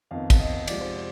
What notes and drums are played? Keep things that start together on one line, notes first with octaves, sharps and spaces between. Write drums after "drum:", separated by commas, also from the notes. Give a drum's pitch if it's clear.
F2 D#3 B3 F5
drum: kick, cymbal
D#5
F2 C3 F3 G#3 D5, drum: cymbal
C5
D5